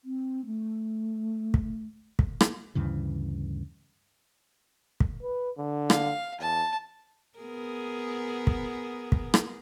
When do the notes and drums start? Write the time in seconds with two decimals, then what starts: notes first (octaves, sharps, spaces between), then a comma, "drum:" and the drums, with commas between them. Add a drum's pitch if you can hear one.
0.05 C4
0.46 A3
1.54 drum: kick
2.19 drum: kick
2.41 drum: rim click
2.75 D2 G2 C#3 E3
5.00 drum: kick
5.23 B4
5.58 D3
5.90 F5, drum: rim click
6.40 E2 A5
7.39 B3 G#4 A#4
8.47 drum: kick
9.12 drum: kick
9.34 drum: rim click